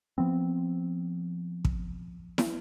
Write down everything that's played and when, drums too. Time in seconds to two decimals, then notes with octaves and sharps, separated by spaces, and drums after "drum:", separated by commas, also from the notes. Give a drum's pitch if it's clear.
0.18 F3 B3 C4
1.65 drum: kick
2.38 drum: snare